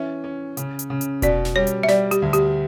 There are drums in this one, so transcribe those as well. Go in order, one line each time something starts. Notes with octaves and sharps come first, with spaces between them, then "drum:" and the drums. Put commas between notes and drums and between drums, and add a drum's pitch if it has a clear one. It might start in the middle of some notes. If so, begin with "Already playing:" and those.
Already playing: E3 C#4 E5
C#4
C#3, drum: hi-hat
drum: hi-hat
C#3
drum: hi-hat
B2 D5, drum: kick E1, hi-hat
drum: snare
G3 C#5
drum: hi-hat
E5
G3 D5, drum: snare
G4, drum: hi-hat
D2
G4, drum: hi-hat